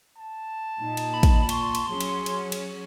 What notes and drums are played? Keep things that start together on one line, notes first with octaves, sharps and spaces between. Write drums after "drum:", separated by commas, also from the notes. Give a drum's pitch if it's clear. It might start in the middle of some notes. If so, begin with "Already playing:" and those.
A5
A#2 D#4
drum: cymbal
B5
drum: kick, cymbal
C6 C#6, drum: cymbal
drum: cymbal
F#3 C#4 G#4
drum: cymbal
drum: cymbal
drum: cymbal